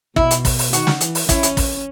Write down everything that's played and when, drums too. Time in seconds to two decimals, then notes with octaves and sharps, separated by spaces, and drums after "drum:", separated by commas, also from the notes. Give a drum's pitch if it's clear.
0.16 B2 E4, drum: kick
0.31 drum: hi-hat
0.45 drum: kick, open hi-hat
0.59 drum: open hi-hat
0.73 D#3 F#4, drum: hi-hat
0.87 drum: snare
1.01 E3, drum: hi-hat
1.15 drum: open hi-hat
1.29 C#4 E4, drum: kick, hi-hat
1.43 drum: hi-hat
1.57 drum: kick, open hi-hat